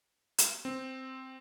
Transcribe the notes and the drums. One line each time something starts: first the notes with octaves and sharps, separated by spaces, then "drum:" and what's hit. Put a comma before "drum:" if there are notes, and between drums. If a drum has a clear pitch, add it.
drum: hi-hat
C4